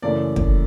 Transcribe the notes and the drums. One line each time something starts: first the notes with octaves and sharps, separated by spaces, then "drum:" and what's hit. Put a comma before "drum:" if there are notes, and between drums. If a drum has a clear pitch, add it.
F#2 C#3 E3 A3 D5
drum: kick